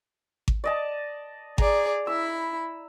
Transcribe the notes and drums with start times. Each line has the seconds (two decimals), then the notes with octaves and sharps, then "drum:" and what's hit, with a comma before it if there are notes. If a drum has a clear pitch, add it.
0.48 drum: kick G#1
0.64 D5 D#5 A5
1.58 G#4 D5 A#5, drum: kick G#1
2.07 E4 B5 E6